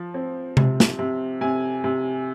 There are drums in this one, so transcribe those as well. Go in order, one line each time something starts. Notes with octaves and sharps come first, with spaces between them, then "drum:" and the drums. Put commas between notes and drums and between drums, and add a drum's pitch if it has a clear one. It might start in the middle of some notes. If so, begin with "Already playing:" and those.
Already playing: F3
C4
C3, drum: tom C3
drum: snare
C3
C3 G#5
C3